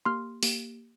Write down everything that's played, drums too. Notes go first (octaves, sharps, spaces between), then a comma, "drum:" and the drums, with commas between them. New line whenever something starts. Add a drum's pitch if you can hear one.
A#3 G4 C6 F6
A#3 G4, drum: open hi-hat